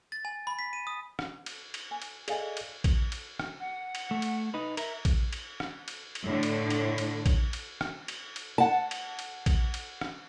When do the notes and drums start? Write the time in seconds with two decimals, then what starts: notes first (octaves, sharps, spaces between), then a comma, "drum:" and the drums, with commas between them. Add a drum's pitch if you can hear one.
0.12 A6
0.25 G#5
0.47 B5
0.59 B6
0.73 D#7
0.87 D#6
1.19 drum: rim click
1.46 drum: cymbal
1.74 drum: cymbal
1.91 G#5
2.02 drum: cymbal
2.28 G#4 A4 D5 D#5 F5 G#5, drum: cymbal
2.57 drum: cymbal
2.84 drum: kick A#1, cymbal
3.12 drum: cymbal
3.39 drum: rim click
3.60 F#5
3.95 drum: cymbal
4.11 A3
4.22 drum: cymbal
4.54 D#4 B4
4.77 A#4 E5, drum: cymbal
5.05 drum: kick A#1, cymbal
5.33 drum: cymbal
5.60 drum: rim click
5.88 drum: cymbal
6.15 drum: cymbal
6.25 A2 D3
6.43 drum: cymbal
6.70 drum: cymbal
6.98 drum: cymbal
7.26 drum: kick A#1, cymbal
7.53 drum: cymbal
7.81 drum: rim click
8.08 drum: cymbal
8.36 drum: cymbal
8.58 F#5 A5
8.91 drum: cymbal
9.19 drum: cymbal
9.46 drum: kick A#1, cymbal
9.74 drum: cymbal
10.01 drum: rim click